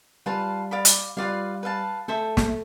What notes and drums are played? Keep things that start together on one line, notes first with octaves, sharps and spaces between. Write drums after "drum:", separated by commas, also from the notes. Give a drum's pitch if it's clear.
G3 F4 B4 F5 A5
D5 F5 B5 D6
drum: hi-hat
G3 F4 B4 D5 F5
B4 F5 A5
A3 A4 C5 E5
drum: snare